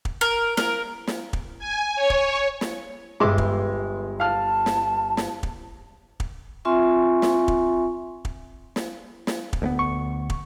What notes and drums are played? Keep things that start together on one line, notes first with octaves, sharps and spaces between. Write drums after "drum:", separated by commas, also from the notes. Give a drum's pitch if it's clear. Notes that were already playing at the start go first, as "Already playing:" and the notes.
drum: kick
A#4
A#4, drum: snare
drum: snare
drum: kick
G#5
C#5
drum: kick
drum: snare
G1 G#3 B4 E5 C6 D6
drum: kick
F5 A5 F6
drum: snare
drum: snare
drum: kick
drum: kick
C4 F4 E5 G#5 C6 C#6
drum: snare
drum: kick
drum: kick
drum: snare
drum: snare
drum: kick
D2 G#3 B3
C#6
drum: kick